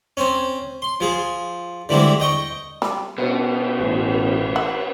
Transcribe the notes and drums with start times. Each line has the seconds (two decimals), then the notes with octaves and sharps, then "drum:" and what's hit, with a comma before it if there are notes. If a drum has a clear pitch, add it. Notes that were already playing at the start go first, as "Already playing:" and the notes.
0.17 C4 C#4
0.82 C6
1.00 F3 G#4
1.89 D3 E3 G3 G#3 C4
2.20 D#5 G5 C#6
2.82 G3, drum: snare
3.18 B2, drum: cymbal
3.80 A1, drum: cymbal
4.56 F#5